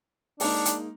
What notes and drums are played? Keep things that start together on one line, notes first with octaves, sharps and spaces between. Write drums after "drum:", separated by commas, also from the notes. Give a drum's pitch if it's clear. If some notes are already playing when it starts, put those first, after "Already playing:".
G#3 A#3 D4 D#4, drum: open hi-hat
drum: hi-hat